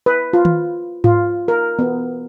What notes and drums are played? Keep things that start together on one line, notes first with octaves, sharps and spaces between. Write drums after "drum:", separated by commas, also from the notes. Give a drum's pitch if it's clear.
B4
F4
drum: tom D#3
F4, drum: tom G#2
A#4
B3